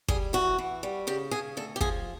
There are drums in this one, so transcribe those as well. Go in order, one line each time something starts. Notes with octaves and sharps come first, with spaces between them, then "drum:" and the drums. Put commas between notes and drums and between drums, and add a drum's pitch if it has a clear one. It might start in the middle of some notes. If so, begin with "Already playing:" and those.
G3 G#4, drum: kick
E3 F#4
E3
G3
C#3 G4
C#3 G#4
D2 A4
G4
F3 G#4, drum: kick